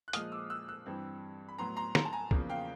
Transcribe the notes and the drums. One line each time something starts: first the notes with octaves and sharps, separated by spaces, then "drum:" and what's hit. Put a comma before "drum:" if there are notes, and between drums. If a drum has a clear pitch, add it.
F#6
A#2 F3 G#3 D#6 F6, drum: hi-hat
D6 E6
E6 F#6
E6 F#6
G2 E3 G3 C4
B5
A2 F#3 B3 A#5 C6
A#5 C6
A#5 C6, drum: snare
A5
G#5 A#5
E2 C#3 F3 A#3, drum: kick
F5 G5